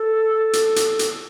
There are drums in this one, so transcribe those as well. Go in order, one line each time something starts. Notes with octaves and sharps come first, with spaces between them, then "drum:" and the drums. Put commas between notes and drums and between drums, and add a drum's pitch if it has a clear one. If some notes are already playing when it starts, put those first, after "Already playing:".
Already playing: A4
drum: hi-hat
drum: hi-hat
drum: hi-hat